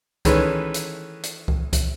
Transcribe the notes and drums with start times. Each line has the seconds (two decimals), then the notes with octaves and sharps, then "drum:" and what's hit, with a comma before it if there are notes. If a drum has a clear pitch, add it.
0.25 D#3 E3 G#3 A3 C#4 B4, drum: kick C#2, hi-hat
0.74 drum: hi-hat
1.23 drum: hi-hat
1.48 drum: kick C#2
1.73 drum: kick C#2, hi-hat